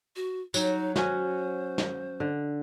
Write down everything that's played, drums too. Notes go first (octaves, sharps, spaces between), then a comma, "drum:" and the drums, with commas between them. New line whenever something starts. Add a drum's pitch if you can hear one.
F#4
F#3 D#4, drum: tambourine
C#4 F#4 C5, drum: snare
drum: snare
D3